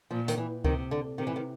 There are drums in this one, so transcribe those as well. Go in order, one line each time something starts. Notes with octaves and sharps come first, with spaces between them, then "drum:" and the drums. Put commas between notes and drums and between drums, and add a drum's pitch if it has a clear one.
A#2 F3
D#3, drum: hi-hat
E3
C3 D#3, drum: kick C#2
D3
C3 D#3
E3
D#3